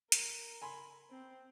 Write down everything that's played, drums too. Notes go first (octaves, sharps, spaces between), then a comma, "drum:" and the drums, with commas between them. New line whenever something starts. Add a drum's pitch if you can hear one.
A#4, drum: hi-hat
G#5 B5 C6
C4